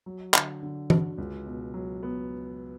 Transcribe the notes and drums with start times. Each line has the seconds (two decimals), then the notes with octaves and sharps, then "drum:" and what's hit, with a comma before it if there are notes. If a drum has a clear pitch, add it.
0.06 F#3
0.34 D3, drum: clap
0.63 D3
0.90 F#4, drum: tom E3
1.18 C#2
1.46 B2
1.74 F#3
2.03 B3